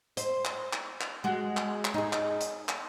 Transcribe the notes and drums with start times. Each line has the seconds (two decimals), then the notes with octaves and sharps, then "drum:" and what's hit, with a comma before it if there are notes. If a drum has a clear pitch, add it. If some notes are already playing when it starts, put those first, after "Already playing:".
0.17 C5, drum: hi-hat
0.45 drum: clap
0.73 drum: clap
1.01 drum: clap
1.24 G#3 F#4
1.57 drum: clap
1.85 drum: clap
1.94 D#4 G#4
2.13 drum: clap
2.41 drum: hi-hat
2.69 drum: clap